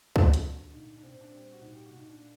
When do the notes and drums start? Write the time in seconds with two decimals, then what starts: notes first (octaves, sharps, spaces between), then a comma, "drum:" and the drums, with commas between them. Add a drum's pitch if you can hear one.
0.16 D3 F#4, drum: kick C#2
0.34 drum: hi-hat
0.45 D3
0.74 A#2 D#4
0.97 D4
1.03 A#2 C4
1.21 D4
1.31 G3 C4
1.53 F#4
1.61 A#2 D#4
1.74 G4
1.86 A#2 F#4
1.98 D#4
2.10 D4
2.20 A#3